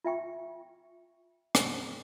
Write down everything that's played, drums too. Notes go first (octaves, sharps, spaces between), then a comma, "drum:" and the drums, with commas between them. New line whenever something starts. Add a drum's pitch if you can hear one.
F4 E5 G5 C#6
drum: rim click